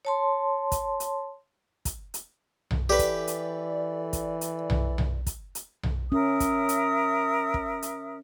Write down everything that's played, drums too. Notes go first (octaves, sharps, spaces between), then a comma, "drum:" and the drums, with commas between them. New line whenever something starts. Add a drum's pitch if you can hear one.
C#5 A5 C6
drum: kick, hi-hat
drum: hi-hat
drum: kick, hi-hat
drum: hi-hat
drum: tom B1
E3 G4 A4 B4 D5
drum: kick, hi-hat
drum: hi-hat
drum: kick, hi-hat
drum: hi-hat
drum: tom B1
drum: tom B1
drum: kick, hi-hat
drum: hi-hat
drum: tom B1
C#4 A#4 E5 D#6
drum: kick, hi-hat
drum: hi-hat
drum: kick
drum: hi-hat